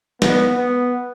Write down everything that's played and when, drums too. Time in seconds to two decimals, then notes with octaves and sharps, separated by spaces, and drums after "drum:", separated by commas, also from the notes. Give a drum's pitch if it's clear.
0.22 B3, drum: snare
0.57 B3